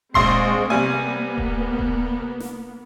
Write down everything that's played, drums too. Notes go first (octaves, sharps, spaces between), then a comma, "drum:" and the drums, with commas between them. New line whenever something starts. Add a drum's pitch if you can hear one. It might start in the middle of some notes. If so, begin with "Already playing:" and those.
A#1 G#3 C4 C6 C7, drum: kick D#1
C3 G3 A#3 B3 G#5
drum: kick D#1
drum: kick D#1
drum: snare